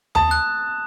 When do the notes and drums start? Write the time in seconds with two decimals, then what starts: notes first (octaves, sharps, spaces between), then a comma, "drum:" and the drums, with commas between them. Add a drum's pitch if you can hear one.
0.15 A5 D#6, drum: tom D#2
0.31 F#6